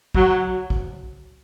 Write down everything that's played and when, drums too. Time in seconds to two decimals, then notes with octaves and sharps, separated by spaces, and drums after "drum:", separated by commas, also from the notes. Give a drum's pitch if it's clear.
0.15 F#3, drum: kick
0.70 drum: kick